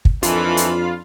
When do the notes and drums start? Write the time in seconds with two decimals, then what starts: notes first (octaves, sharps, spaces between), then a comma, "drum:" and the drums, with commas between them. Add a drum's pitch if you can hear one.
0.05 drum: kick
0.23 F2 D#3 E3 D4 F4 A4 B5, drum: hi-hat
0.57 drum: hi-hat